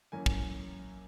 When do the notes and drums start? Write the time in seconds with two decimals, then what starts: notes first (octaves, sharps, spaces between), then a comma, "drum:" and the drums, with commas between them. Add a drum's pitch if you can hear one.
0.12 F#2 E3 A#3 C#4 G#5
0.26 drum: kick